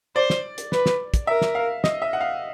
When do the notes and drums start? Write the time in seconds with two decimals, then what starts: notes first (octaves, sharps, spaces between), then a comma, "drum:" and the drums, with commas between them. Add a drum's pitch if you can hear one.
0.16 C5 D5
0.30 drum: snare
0.58 drum: hi-hat
0.72 B4, drum: snare
0.86 drum: snare
1.14 drum: kick, hi-hat
1.27 A#4 E5
1.42 drum: snare
1.55 F5
1.84 D#5, drum: snare
2.02 E5
2.13 F#5
2.21 F5